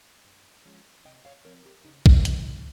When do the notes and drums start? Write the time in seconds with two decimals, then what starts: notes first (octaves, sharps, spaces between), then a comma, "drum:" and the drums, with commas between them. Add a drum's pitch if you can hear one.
0.25 G2
0.65 F3 G#3 C#4
1.05 C3 D#5 G5
1.25 C#5 F5
1.45 F3 C4 A#4 C#5
1.65 G4 A#4
1.85 C#3 D#4
2.06 D#4, drum: kick
2.25 G3 C4 D#4, drum: hi-hat